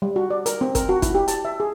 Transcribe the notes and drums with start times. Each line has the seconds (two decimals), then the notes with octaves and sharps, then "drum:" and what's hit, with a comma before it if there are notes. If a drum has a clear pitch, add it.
0.02 G3
0.16 F#4
0.30 D5
0.46 A#4, drum: hi-hat
0.61 C4
0.75 A#4, drum: kick, hi-hat
0.89 F#4
1.02 E4, drum: kick, hi-hat
1.15 G4
1.28 A5, drum: hi-hat
1.45 E5
1.60 G#4